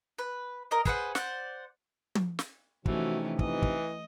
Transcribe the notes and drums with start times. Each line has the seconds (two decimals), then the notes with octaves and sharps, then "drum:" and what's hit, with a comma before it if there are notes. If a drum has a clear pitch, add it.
0.19 B4
0.71 A#4 D#5
0.85 G#4 B4 C5 F#5, drum: kick
1.15 C5 D5 F#5, drum: snare
2.15 drum: tom
2.39 drum: snare
2.86 C3 E3 F3 A3 C#4 D#4 F#4, drum: kick
3.39 E3 D#5, drum: kick
3.62 drum: kick